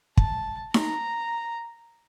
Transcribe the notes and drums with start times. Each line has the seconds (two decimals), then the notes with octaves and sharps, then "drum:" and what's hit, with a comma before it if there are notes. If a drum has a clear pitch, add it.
0.17 A5, drum: kick
0.74 A#5, drum: snare D#4